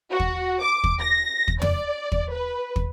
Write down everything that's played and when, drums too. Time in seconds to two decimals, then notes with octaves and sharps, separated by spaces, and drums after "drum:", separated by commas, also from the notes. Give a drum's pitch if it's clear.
0.10 F#4
0.20 drum: kick
0.62 D6
0.84 drum: kick
1.00 A#6
1.48 drum: kick
1.62 D5, drum: tom
2.12 drum: kick
2.30 B4
2.76 drum: kick